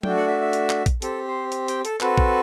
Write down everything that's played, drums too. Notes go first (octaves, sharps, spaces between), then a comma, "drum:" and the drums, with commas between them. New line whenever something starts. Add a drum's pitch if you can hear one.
A3 D4 F#4 G5, drum: tom F#3
F#5
E5
E5
drum: hi-hat
drum: clap
drum: kick A#1, hi-hat
C4 G4 A4, drum: hi-hat
C5
drum: hi-hat
G5, drum: hi-hat
A4, drum: hi-hat
C4 F#4 A4 B4, drum: clap
drum: kick A#1